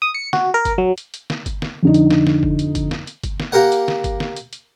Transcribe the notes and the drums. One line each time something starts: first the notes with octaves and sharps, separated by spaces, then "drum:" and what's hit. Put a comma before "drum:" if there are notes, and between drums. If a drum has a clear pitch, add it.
D#6
C#7
F#4, drum: snare
A#4
drum: kick G1, hi-hat
F#3
drum: hi-hat
drum: hi-hat
drum: snare
drum: kick G1, hi-hat
drum: snare
F2 D3 D#4
drum: hi-hat
drum: snare
drum: snare
drum: kick G1
drum: hi-hat
drum: kick G1, hi-hat
drum: snare
drum: hi-hat
drum: kick G1, hi-hat
drum: snare
A#3 G4 A#4 F#5
drum: hi-hat
drum: snare
drum: kick G1, hi-hat
drum: snare
drum: hi-hat
drum: hi-hat